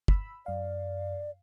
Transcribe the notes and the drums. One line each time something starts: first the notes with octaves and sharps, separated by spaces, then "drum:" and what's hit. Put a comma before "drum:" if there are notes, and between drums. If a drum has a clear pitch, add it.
B5 E6, drum: kick
F#2 D5 F5